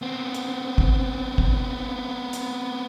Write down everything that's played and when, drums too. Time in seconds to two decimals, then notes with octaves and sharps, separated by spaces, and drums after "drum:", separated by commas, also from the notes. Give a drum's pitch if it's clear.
0.02 B3 C4
0.34 drum: hi-hat
0.78 drum: kick G1
1.38 drum: kick G1
2.33 drum: hi-hat